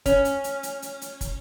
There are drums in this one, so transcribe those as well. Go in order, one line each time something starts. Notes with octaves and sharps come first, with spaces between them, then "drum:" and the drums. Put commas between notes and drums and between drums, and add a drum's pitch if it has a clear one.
C#4, drum: kick, hi-hat
drum: hi-hat
drum: hi-hat
drum: hi-hat
drum: hi-hat
drum: hi-hat
drum: kick, hi-hat